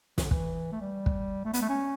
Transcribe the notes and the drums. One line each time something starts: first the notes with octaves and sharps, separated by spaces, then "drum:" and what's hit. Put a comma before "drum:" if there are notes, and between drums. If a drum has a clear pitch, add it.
E3, drum: snare
D3
E3, drum: kick
A3
G3
drum: kick
A3
B3, drum: hi-hat
A3
C#4